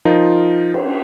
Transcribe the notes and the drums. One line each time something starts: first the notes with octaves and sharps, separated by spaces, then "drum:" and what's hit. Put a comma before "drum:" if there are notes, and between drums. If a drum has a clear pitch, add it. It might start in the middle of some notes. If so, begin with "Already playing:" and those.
F3 D#4 F4 A#4
drum: cymbal